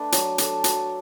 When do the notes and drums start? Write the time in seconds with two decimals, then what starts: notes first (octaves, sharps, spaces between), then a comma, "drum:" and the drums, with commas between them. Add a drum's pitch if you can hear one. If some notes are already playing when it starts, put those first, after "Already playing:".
Already playing: A3 D4 B4
0.12 F#3, drum: hi-hat
0.38 D4 A4, drum: hi-hat
0.64 F#3, drum: hi-hat